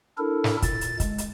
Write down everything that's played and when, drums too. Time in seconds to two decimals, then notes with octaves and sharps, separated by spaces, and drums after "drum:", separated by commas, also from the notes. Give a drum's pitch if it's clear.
0.18 D4 E4 A4 A#4
0.44 drum: snare
0.62 A#2 A6, drum: kick, hi-hat
0.81 drum: hi-hat
1.00 G#3, drum: kick, hi-hat
1.18 drum: hi-hat